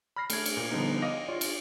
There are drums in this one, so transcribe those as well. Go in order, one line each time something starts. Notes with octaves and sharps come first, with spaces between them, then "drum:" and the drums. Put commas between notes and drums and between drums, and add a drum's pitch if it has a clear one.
B5 F6 A#6 C7
A3 G#6, drum: cymbal
drum: cymbal
A#2
D3 F3 G3 B3 D#4
D#5 F5 D6 A#6
F4 C#5 D5
drum: cymbal